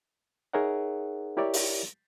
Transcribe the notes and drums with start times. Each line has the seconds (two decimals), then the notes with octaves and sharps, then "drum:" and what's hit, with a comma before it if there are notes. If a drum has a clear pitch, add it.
0.53 D#4 G#4 A#4 C#5 E5 F#5
1.37 E4 G4 A#4 C#5 D5 E5
1.54 drum: open hi-hat